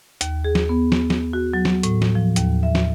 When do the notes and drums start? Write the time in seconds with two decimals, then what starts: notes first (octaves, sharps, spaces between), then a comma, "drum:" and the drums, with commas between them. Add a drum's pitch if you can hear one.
0.21 D#2, drum: hi-hat
0.44 G#4
0.55 drum: snare
0.69 B3
0.92 drum: snare
1.10 drum: snare
1.33 F#4
1.54 F#3
1.65 drum: snare
1.83 A2, drum: hi-hat
2.02 drum: snare
2.15 F3
2.36 D#2, drum: hi-hat
2.63 E5
2.75 drum: snare